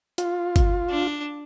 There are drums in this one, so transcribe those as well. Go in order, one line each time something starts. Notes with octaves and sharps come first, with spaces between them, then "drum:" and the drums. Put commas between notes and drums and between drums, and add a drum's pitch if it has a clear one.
F4, drum: hi-hat
drum: kick G1, hi-hat
D4